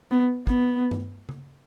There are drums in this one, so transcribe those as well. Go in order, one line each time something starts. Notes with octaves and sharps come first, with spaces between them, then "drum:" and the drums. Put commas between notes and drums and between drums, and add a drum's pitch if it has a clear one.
B3
B3, drum: kick
drum: tom G2
drum: tom C#3